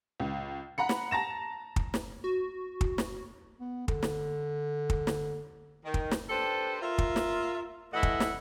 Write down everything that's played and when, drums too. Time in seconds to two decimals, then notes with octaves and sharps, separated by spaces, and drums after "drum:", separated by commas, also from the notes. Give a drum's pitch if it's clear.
0.20 C#2
0.78 F#5 A#5 B5 C#7
0.89 drum: snare
1.11 A5 A#5 A#6 E7
1.76 drum: kick
1.94 drum: snare
2.24 F#4
2.81 drum: kick
2.98 drum: snare
3.60 B3
3.88 D3, drum: kick
4.03 drum: snare
4.90 drum: kick
5.07 drum: snare
5.85 D#3
5.94 drum: kick
6.11 drum: snare
6.30 D4 G4 A4 B4 C5
6.82 F4 A#4 E5
6.98 drum: kick
7.16 drum: snare
7.93 A2 E3 A3 E4 D#5 F#5
8.03 drum: kick
8.20 drum: snare